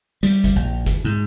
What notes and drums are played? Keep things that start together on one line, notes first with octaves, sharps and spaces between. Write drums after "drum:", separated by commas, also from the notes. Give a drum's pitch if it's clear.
G3, drum: hi-hat
drum: kick, hi-hat
A#1
drum: kick, hi-hat
G#2